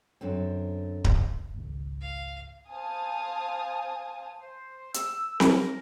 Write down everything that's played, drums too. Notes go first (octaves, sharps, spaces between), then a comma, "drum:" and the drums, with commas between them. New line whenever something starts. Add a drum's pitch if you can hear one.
F#2 D3 C4
drum: kick D1
G#1 C#2
F5
C5 F5 G#5 A5 D#6
C5
E6, drum: hi-hat
A#4, drum: snare C4